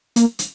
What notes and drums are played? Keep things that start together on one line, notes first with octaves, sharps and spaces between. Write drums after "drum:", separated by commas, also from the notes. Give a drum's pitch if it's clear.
A#3, drum: hi-hat
drum: hi-hat